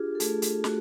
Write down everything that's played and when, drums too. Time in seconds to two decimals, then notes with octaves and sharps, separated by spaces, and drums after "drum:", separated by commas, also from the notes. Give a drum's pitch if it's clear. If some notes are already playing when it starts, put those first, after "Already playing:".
Already playing: D4 F4 G4 G#4
0.15 A4
0.20 A3 G#4, drum: hi-hat
0.42 drum: hi-hat
0.64 A3 F#4, drum: snare